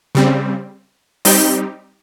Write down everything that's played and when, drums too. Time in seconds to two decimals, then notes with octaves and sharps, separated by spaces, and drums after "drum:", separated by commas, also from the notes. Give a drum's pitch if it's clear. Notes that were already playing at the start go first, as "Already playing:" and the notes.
0.15 C#3 G3 C4
1.25 G3 C4 D#4 G4, drum: open hi-hat